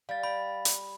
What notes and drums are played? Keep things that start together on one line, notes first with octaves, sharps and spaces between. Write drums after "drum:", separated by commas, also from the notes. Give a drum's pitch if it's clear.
G3 F5 A6
G5 B5
drum: hi-hat